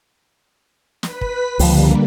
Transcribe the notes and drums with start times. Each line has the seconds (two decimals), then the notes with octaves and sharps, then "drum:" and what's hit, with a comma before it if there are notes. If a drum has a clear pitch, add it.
1.03 B4 B6, drum: snare
1.21 drum: kick
1.59 C#2 D3 F3 G3 A#3, drum: open hi-hat